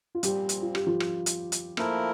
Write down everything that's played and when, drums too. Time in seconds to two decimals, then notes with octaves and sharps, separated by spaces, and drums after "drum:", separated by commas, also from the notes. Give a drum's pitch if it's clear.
0.15 F4
0.23 A#2 F3 G3 C4 G4, drum: hi-hat
0.49 drum: hi-hat
0.62 F4
0.75 G4, drum: rim click
0.86 F3 F4
1.00 drum: rim click
1.26 drum: hi-hat
1.52 drum: hi-hat
1.77 F3 A3 A#3 E4 A#4, drum: rim click